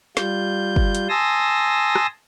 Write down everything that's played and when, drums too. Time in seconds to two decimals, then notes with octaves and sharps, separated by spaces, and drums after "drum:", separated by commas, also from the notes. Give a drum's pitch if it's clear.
0.17 G3 F4 G6, drum: snare
0.76 drum: kick
0.95 drum: hi-hat
1.09 G#5 A5 C6 D#6 E6 A#6
1.95 drum: rim click